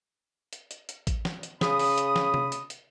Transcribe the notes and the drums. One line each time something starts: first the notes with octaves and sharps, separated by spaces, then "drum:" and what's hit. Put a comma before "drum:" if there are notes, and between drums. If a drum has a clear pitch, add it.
drum: hi-hat
drum: hi-hat
drum: hi-hat
drum: kick, hi-hat
drum: snare
drum: hi-hat
C#3 B5 D#6, drum: snare
drum: open hi-hat
drum: hi-hat
drum: snare
drum: tom C3
drum: hi-hat
drum: hi-hat